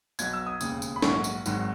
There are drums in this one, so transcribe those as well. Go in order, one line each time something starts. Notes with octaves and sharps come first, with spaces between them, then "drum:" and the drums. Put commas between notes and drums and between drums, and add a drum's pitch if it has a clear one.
B1 B2 F#3 G#6, drum: tambourine
E6
D#6
E1 D#2 C#3 D#6, drum: tambourine
drum: tambourine
B5
A#1 G#2 D#3 F#3 C#6, drum: snare
drum: tambourine
G#1 G#2 D#3 F#3, drum: tambourine